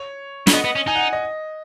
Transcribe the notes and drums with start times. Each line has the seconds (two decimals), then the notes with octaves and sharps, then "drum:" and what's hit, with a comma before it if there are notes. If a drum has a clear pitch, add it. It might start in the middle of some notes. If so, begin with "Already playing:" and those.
Already playing: C#5
0.47 C#4, drum: snare
0.53 B3 D#5
0.65 B3
0.76 C#4
0.87 D#4 G#5
0.95 F#5
1.13 D#5